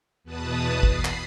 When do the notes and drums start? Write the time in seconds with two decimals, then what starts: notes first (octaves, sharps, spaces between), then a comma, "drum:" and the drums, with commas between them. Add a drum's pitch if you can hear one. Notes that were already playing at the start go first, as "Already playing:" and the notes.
0.24 E2 B2 B4 A5 D#6
0.83 B5 C7, drum: kick
1.05 drum: clap